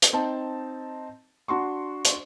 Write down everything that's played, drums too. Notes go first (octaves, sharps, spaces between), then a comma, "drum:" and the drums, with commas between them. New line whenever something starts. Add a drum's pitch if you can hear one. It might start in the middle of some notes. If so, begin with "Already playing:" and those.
drum: hi-hat
C4 D#4 A5
D4 F#4 C6 C#6
drum: hi-hat